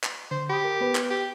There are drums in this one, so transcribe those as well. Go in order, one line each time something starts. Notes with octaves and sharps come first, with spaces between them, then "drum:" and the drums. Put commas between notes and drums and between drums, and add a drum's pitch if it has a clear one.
drum: clap
D3 C5
G4 B5 D#6
A#4
B3 B4
drum: clap
G4